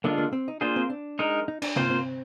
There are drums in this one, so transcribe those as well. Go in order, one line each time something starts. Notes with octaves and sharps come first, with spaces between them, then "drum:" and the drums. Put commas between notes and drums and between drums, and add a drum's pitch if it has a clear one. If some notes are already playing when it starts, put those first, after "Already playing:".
D3 G#3 A#3 D4 F4
A#3
C4
D#4
A#3 D4 F4 G#4 C5
C4
D4
G#3 D#4 A#4
D#4
D4, drum: cymbal
A#3 C4 F4 C5, drum: tom C3
C4